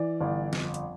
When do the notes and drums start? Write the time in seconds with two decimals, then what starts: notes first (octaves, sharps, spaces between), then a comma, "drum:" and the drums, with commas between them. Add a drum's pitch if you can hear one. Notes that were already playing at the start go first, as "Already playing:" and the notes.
Already playing: E3 D5
0.21 G1
0.53 F2, drum: snare
0.74 drum: hi-hat